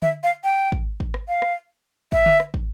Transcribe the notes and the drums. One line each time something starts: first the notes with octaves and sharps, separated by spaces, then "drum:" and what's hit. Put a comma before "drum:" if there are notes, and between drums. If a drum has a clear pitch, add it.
E5, drum: tom D3
F5
G5
drum: kick
drum: kick
drum: rim click
F5
drum: rim click
E5, drum: kick
drum: tom D3
drum: rim click
drum: kick